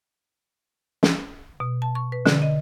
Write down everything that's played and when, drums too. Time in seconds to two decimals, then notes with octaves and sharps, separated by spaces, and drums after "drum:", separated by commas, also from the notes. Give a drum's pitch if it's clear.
1.03 drum: snare
1.60 B2
1.82 A5
1.95 C#6
2.12 B4
2.26 D3, drum: snare
2.42 D#5